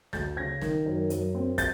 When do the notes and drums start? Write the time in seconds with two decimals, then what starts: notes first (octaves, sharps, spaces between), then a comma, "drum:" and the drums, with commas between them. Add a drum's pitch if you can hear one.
0.13 D2 G6 A6, drum: snare
0.37 C#3 G#6 A#6
0.61 D#3, drum: snare
0.86 F#2
1.10 F#2, drum: hi-hat
1.35 C4
1.58 G6 A6, drum: kick, hi-hat